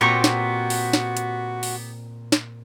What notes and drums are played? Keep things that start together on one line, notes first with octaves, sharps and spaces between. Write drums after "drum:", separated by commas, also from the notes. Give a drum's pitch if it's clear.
A#2 B3 C4 F#4 G4 A#5 C#6
drum: snare
drum: open hi-hat
drum: snare
drum: hi-hat
drum: open hi-hat
drum: snare